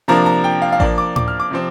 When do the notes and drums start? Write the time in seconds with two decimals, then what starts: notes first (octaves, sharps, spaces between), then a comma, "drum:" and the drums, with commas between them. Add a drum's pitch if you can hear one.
0.08 C3 F3 A#3 D4 A#5
0.26 A#5
0.44 G5
0.62 F5
0.72 F5
0.80 F3 A#3 D4 D5, drum: kick A1
0.98 D6
1.16 D6, drum: tom A2
1.28 F6
1.40 D6
1.51 C3 F3 C4